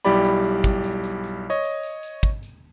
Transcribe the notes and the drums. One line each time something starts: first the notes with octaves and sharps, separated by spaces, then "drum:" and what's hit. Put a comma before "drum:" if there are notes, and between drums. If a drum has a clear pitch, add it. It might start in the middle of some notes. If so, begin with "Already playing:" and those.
B1 G3 E4 G4 D5 B5, drum: tambourine
drum: tambourine
drum: tambourine
drum: kick, tambourine
drum: tambourine
drum: tambourine
drum: tambourine
C#5 D#5
drum: tambourine
drum: tambourine
drum: tambourine
drum: kick, tambourine
drum: tambourine